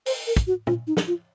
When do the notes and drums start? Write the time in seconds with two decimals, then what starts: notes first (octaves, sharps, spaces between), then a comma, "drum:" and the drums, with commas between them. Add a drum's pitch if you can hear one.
0.06 C5, drum: open hi-hat
0.27 A#4
0.36 drum: kick, hi-hat
0.47 F#4
0.67 F4, drum: tom
0.87 D#4
0.97 drum: snare
1.07 F4